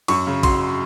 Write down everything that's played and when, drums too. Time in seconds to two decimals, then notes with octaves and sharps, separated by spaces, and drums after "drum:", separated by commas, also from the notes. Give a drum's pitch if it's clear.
0.08 F#2 C#6, drum: cymbal
0.27 C#3
0.43 F#3 C6, drum: kick A#1, cymbal